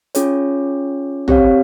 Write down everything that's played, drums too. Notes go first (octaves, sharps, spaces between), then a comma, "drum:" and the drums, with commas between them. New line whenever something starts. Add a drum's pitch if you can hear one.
C#4 F4 G#4 C#5, drum: hi-hat
C4 G4 C#5 F5, drum: tom